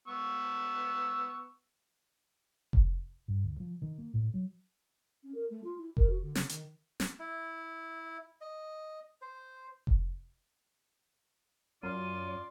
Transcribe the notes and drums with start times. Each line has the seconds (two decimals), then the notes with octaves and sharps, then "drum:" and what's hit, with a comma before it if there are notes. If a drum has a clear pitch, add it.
0.08 B3 C#6 E6
2.73 drum: kick F1
3.28 G2
3.43 D2
3.60 F3
3.82 D#3
3.98 A#3
4.14 A2
4.34 F#3
5.23 C#4
5.34 A#4
5.50 A3
5.64 F4
5.78 E4
5.97 A#4, drum: kick F1
6.10 F#4
6.22 D3
6.35 C#3, drum: snare
6.49 D#3, drum: hi-hat
7.00 drum: snare
7.19 E4
8.41 D#5
9.22 C5
9.87 drum: kick F1
11.83 F#2 F4 D5 D#7